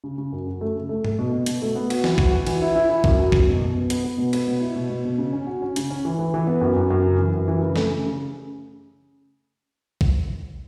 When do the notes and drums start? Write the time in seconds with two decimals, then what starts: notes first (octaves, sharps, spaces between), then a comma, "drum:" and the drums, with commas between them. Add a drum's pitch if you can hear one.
0.04 C#3
0.18 C#3
0.32 F#2
0.47 F#4
0.61 A3
0.75 C#3
0.89 A3
1.05 A3, drum: tom G#2
1.19 B2
1.33 B2
1.46 B2, drum: hi-hat
1.62 A3
1.75 B3
1.90 F#4, drum: cymbal
2.04 E3, drum: snare
2.18 F#4, drum: kick A#1
2.33 F#4
2.47 E3, drum: cymbal
2.62 E4
2.76 E4
2.90 E4
3.04 F#2, drum: kick A#1
3.19 F#3
3.32 F#2, drum: kick A#1
3.48 B2
3.61 B2
3.76 B2
3.90 B3, drum: hi-hat
4.04 B3
4.18 B2
4.33 B3, drum: cymbal
4.48 B2
4.61 E4
4.76 B2
4.90 B2
5.05 B2
5.18 C#3
5.33 C#4
5.47 F#4
5.62 C#4
5.76 C#3, drum: hi-hat
5.90 C#4
6.05 E3
6.19 E3
6.34 E3
6.47 B3
6.61 F#2
6.76 F#2
6.90 F#2
7.04 C#3
7.18 E3
7.34 F#2
7.48 E3
7.62 C#3
7.76 A3, drum: snare
7.91 C#3
8.05 C#3
10.01 drum: kick A#1